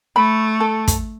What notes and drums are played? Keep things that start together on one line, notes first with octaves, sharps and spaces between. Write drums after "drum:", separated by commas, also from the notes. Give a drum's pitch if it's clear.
A3 B5
A4
drum: kick, hi-hat